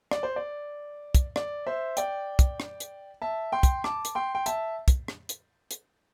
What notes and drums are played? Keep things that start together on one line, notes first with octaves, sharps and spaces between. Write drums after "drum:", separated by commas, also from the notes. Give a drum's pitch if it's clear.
D5, drum: rim click
C5
D5
drum: kick, hi-hat
D5, drum: rim click
C5 E5
D5 G5, drum: hi-hat
drum: kick, hi-hat
drum: rim click
drum: hi-hat
E5 A5
G5 C6
drum: kick, hi-hat
A5 D6, drum: rim click
drum: hi-hat
G5 C6
G5
E5 A5, drum: hi-hat
drum: kick, hi-hat
drum: rim click
drum: hi-hat
drum: hi-hat